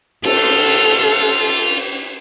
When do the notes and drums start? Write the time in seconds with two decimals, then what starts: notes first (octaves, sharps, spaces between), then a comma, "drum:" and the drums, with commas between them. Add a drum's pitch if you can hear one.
0.24 F4 A4, drum: cymbal
0.60 drum: hi-hat